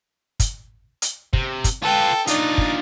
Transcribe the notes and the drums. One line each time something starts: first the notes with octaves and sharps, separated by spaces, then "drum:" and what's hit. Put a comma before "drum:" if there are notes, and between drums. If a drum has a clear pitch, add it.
drum: kick, hi-hat
drum: hi-hat
C3, drum: kick
drum: kick, hi-hat
F4 A4 B4 G5
D4 D#4 F4 D5, drum: hi-hat
drum: kick